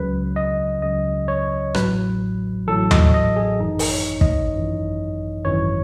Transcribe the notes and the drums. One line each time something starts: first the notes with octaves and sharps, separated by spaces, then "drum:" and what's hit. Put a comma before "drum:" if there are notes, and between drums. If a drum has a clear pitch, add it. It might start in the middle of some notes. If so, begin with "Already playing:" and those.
Already playing: C#2 C#3 F#3 B4
D#5
C#2 C#3 F#3 D#5
C#5
A1 A2 F#3 B4, drum: rim click
A1 A2 F#3 A4
D#5, drum: tom D#2
D#5
G#4
G#1 F#2 E3 D#4
drum: open hi-hat
C#5
D#5, drum: kick
G#1 F#2 E3
G#1 F#2 E3 C#5